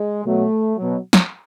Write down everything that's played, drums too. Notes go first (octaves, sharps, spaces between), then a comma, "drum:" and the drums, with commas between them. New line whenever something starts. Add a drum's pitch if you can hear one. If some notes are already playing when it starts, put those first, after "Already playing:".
Already playing: G#3
B2 F#3 A3
B2 F#3
drum: snare